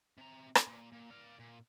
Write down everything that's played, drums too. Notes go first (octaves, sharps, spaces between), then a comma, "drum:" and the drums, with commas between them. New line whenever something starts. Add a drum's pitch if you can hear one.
C3 A#5
drum: rim click
A#2
A#2
D5 F5
A#2